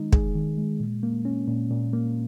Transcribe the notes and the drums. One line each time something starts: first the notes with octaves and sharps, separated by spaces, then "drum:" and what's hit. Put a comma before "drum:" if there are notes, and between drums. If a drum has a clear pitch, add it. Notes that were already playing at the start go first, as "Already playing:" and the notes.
Already playing: D#3 G#3 D#4
G#4, drum: kick
D#3
G#3
A#2
A#3
C#4
A#2
A#2
A#3